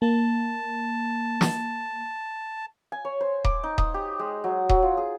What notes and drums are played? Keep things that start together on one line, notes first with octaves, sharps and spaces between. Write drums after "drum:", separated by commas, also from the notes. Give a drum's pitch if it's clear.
A#3 A5
drum: snare
G#5
C#5
C5
D6, drum: kick D#1
D#4
D#6, drum: kick D#1
G4
G#3
F#3
F#3, drum: kick D#1
F4
G#4